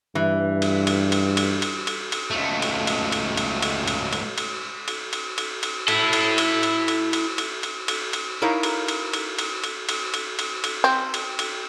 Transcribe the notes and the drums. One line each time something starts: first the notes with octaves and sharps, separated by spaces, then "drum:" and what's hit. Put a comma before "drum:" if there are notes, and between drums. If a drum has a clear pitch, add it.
G2 E3
drum: cymbal
drum: cymbal
drum: cymbal
drum: cymbal
drum: cymbal
drum: cymbal
drum: cymbal
C#2 A3
drum: cymbal
drum: cymbal
drum: cymbal
drum: cymbal
drum: cymbal
drum: cymbal
drum: cymbal
drum: cymbal
drum: cymbal
drum: cymbal
drum: cymbal
drum: cymbal
E4 A4, drum: cymbal
drum: cymbal
drum: cymbal
drum: cymbal
drum: cymbal
drum: cymbal
drum: cymbal
drum: cymbal
drum: cymbal
drum: cymbal
D#4 E4 A#4 C#5 F5
drum: cymbal
drum: cymbal
drum: cymbal
drum: cymbal
drum: cymbal
drum: cymbal
drum: cymbal
drum: cymbal
drum: cymbal
C4
drum: cymbal
drum: cymbal